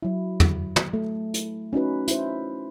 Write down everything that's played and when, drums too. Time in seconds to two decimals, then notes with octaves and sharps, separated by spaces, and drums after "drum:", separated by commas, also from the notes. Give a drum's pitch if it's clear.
0.03 F#3 E4
0.40 drum: tom
0.76 drum: tom
0.93 A3
1.34 E4, drum: hi-hat
1.73 C#4 D#4 F#4 B4
2.08 E4 C5, drum: hi-hat